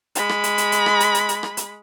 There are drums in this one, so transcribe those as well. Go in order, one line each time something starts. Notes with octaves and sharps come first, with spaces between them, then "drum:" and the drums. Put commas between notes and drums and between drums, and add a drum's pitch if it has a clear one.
G#3 B5, drum: hi-hat
drum: rim click
drum: hi-hat
drum: hi-hat
drum: hi-hat
drum: rim click
drum: hi-hat
drum: hi-hat
drum: hi-hat
drum: rim click
drum: hi-hat